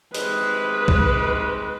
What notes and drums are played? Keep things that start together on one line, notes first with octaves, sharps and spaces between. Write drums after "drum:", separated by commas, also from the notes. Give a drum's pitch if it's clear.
C3 D#3 G#3 B4, drum: open hi-hat
drum: kick B1